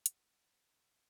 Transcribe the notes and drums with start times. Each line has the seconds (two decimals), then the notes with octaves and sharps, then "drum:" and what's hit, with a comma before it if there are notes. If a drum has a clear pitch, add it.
0.06 F#4 D#5, drum: hi-hat